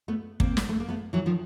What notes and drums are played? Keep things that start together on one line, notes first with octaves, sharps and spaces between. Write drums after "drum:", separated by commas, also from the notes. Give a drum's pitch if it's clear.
A3 B3
A#3 C4, drum: kick
drum: snare
A3
A#3
A3 B3
E3 F#3
D#3 F3